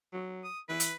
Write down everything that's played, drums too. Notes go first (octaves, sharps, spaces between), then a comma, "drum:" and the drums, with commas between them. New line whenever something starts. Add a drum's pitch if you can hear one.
F#3
D#6
E3 B4
drum: hi-hat